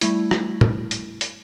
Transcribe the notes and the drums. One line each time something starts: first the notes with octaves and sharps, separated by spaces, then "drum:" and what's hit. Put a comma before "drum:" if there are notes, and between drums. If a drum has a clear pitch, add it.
G3 A3 E4, drum: hi-hat
drum: rim click
drum: tom
drum: hi-hat
drum: hi-hat